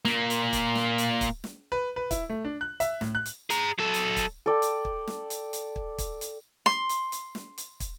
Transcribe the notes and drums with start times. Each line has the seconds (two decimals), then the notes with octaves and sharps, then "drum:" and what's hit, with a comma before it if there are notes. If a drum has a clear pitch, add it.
0.05 A#2 A#3, drum: snare
0.30 drum: hi-hat
0.53 drum: kick, hi-hat
0.75 drum: snare
0.98 drum: hi-hat
1.21 drum: kick, hi-hat
1.44 drum: snare
1.72 B4
1.96 B4
2.11 E4, drum: kick, hi-hat
2.30 A3
2.45 D4
2.61 F#6
2.80 E5, drum: hi-hat
3.01 A2, drum: snare
3.15 F#6
3.26 drum: hi-hat
3.50 G#4 A#5, drum: hi-hat
3.79 F#3 A4
3.94 drum: hi-hat
4.17 drum: kick, hi-hat
4.46 A4 D5 G5
4.62 drum: hi-hat
4.85 drum: kick
5.07 drum: snare
5.30 drum: hi-hat
5.53 drum: hi-hat
5.76 drum: kick
5.98 drum: kick, hi-hat
6.21 drum: hi-hat
6.66 C6, drum: snare
6.89 drum: hi-hat
7.12 drum: hi-hat
7.35 drum: snare
7.58 drum: hi-hat
7.80 drum: kick, hi-hat